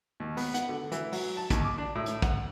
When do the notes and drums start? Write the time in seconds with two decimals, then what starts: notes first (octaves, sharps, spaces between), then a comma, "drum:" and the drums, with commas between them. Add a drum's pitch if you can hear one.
0.20 D#2
0.37 B3, drum: open hi-hat
0.54 F#5, drum: hi-hat
0.69 D3
0.92 E3, drum: hi-hat
1.12 F#3, drum: open hi-hat
1.37 A5
1.50 D#2, drum: kick, hi-hat
1.64 D6
1.78 D4
1.95 A2
2.06 drum: hi-hat
2.22 F#5, drum: kick, hi-hat